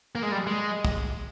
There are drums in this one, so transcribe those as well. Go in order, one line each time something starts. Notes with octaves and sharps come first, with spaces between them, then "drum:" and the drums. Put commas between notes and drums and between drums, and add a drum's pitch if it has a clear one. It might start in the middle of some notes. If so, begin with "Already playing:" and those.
A#3
G#3
G3
G#3
drum: kick